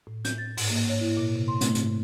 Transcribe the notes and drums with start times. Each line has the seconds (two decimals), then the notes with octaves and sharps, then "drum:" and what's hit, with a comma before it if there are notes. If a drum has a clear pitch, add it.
0.07 A2
0.25 G6, drum: hi-hat
0.38 A6
0.57 G#2, drum: open hi-hat
0.70 A#3
0.89 C#5
1.01 E4
1.17 A#2
1.36 C3
1.48 C6
1.61 A3, drum: hi-hat
1.75 G#2, drum: hi-hat